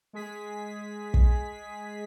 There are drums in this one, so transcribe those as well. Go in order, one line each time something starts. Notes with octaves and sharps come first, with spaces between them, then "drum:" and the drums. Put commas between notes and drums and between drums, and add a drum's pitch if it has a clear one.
G#3 G#4 B6
drum: kick